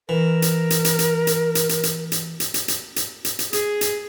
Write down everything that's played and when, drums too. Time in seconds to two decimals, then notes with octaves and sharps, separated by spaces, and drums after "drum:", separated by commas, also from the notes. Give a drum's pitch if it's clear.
0.09 E3 A#4
0.42 drum: hi-hat
0.70 drum: hi-hat
0.85 drum: hi-hat
0.99 drum: hi-hat
1.27 drum: hi-hat
1.55 drum: hi-hat
1.69 drum: hi-hat
1.83 drum: hi-hat
2.12 drum: hi-hat
2.40 drum: hi-hat
2.54 drum: hi-hat
2.68 drum: hi-hat
2.96 drum: hi-hat
3.25 drum: hi-hat
3.39 drum: hi-hat
3.53 G#4, drum: hi-hat
3.81 drum: hi-hat